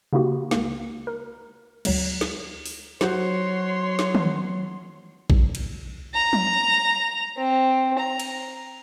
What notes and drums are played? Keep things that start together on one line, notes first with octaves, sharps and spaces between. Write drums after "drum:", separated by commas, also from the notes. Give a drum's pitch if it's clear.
C#3 A#3 D#4 E4 F#4 G4
C#2 A#3, drum: snare
A#4
D2 F#3 G#3, drum: cymbal
drum: snare
drum: open hi-hat
F#3 F#4 C5 C#5 C6, drum: snare
drum: snare
drum: tom D#3
drum: kick A#1
drum: cymbal
A#5
drum: tom F3
C4
A#5
drum: cymbal